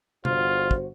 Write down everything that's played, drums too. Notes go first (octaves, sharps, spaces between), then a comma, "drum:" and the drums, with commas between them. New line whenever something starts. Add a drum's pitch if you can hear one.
G1 F4 F#4 C5, drum: tom C3
drum: kick